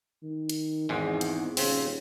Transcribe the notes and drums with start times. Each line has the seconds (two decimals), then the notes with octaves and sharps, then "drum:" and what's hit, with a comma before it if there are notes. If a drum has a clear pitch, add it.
0.22 D#3
0.49 drum: hi-hat
0.89 G#1 E2 G#2 G#3
1.21 drum: hi-hat
1.57 D#1 C#3 C4, drum: open hi-hat